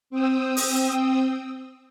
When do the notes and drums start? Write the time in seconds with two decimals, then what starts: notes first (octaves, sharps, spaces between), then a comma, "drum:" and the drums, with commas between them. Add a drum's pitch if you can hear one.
0.10 C4 G5 D#6 E6
0.57 drum: open hi-hat